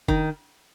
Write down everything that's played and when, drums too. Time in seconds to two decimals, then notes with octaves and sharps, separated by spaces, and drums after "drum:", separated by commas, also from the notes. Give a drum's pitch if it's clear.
0.08 D#3, drum: kick F1